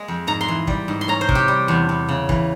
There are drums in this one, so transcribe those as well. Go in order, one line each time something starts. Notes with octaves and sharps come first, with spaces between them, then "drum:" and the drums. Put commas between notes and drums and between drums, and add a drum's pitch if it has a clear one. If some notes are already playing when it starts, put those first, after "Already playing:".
Already playing: G#3 A#3
F2
G#2 A#5
C6
E3
G3, drum: kick
G#2
C6
C#4 A#5
C5
C3, drum: kick
G4
G3
E2
E2
C#3
E3, drum: kick